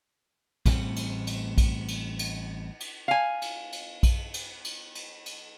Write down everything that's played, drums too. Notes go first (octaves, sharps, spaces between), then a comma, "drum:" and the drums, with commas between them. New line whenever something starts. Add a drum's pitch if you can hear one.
A1 A2 G3 C4, drum: kick A#1, cymbal
drum: cymbal
drum: cymbal
drum: kick A#1, cymbal
drum: cymbal
drum: cymbal
drum: cymbal
F5 G#5
drum: cymbal
drum: cymbal
drum: kick A#1, cymbal
drum: cymbal
drum: cymbal
drum: cymbal
drum: cymbal